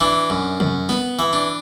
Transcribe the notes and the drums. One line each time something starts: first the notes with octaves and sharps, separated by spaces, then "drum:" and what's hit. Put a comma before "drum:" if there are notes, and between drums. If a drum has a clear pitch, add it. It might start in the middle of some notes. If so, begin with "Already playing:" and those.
E3 D4
F#2
F#2, drum: tom C3
B3, drum: snare
E3, drum: tambourine
D4